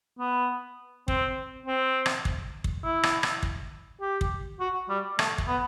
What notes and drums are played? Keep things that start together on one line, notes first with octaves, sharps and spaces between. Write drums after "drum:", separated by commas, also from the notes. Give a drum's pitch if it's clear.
B3
C4, drum: kick
C4
drum: rim click
drum: kick
drum: kick
E4
drum: rim click
drum: rim click
drum: kick
G4
drum: kick
F#4
G3
A3, drum: rim click
drum: kick
B3